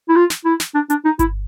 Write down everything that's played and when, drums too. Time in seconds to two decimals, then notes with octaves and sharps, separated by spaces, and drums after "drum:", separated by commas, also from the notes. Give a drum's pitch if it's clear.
0.09 E4
0.16 F4
0.30 drum: snare
0.45 E4
0.60 drum: snare
0.75 D4
0.90 D4, drum: hi-hat
1.05 D#4
1.19 E4, drum: kick G1, hi-hat